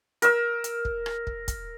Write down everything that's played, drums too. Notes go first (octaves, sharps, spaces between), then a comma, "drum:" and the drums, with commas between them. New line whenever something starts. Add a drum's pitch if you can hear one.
A#4 E6, drum: hi-hat
drum: hi-hat
drum: kick
drum: rim click
drum: kick
drum: kick, hi-hat